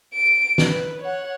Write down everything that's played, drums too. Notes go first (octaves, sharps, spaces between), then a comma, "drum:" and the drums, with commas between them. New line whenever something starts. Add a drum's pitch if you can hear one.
D7
drum: snare
B4
C#5 F#5